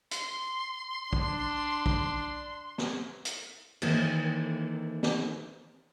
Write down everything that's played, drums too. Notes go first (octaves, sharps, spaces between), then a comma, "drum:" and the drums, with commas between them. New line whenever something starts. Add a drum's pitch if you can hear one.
C6, drum: hi-hat
D4, drum: kick
drum: kick
drum: snare
drum: hi-hat
D#3 E3 A#3 C4 E4 A4, drum: cymbal
drum: snare